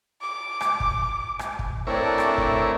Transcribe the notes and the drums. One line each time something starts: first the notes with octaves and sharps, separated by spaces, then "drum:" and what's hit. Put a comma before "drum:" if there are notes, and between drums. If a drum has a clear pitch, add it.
D6
drum: rim click
drum: kick
drum: rim click
drum: kick
A3 C4 D4 E4 A#4 C#5 D5
drum: rim click
drum: kick